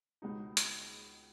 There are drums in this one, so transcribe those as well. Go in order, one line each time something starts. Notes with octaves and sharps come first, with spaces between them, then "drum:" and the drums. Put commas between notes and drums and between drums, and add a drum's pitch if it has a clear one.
C#2 B2 G#3 D#4
drum: hi-hat